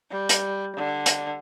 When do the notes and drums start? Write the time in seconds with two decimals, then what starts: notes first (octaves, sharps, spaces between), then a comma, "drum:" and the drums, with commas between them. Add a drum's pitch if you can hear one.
0.10 G3
0.29 drum: hi-hat
0.76 D3
1.06 drum: hi-hat